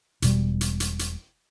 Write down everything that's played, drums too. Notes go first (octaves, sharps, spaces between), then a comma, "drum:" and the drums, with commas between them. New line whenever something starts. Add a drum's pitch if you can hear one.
E1 B2 G3, drum: hi-hat
drum: hi-hat
drum: hi-hat
drum: hi-hat